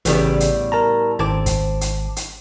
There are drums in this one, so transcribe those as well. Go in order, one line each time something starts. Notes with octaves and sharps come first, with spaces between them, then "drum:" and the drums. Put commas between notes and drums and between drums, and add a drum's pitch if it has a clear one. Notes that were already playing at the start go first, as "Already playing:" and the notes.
A1 A2 C#3 G3 B3, drum: hi-hat
drum: hi-hat
A#4 A5 A#5
G#1 C4 A5 D6
drum: kick, hi-hat
drum: hi-hat
drum: hi-hat